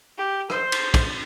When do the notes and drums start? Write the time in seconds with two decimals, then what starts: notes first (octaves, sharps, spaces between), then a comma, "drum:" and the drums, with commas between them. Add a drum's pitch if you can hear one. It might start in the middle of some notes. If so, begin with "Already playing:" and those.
0.18 G4
0.50 C5, drum: rim click
0.72 drum: cymbal
0.94 drum: kick, cymbal